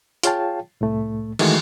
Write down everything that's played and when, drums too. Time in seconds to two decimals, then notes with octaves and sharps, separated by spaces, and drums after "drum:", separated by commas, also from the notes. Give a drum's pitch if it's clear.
0.23 F4 G#4 C#5 F5 G5 A5, drum: hi-hat
0.81 C2 A2 A3
1.39 D#3 E3 G#3 A3 F#4 G#4, drum: cymbal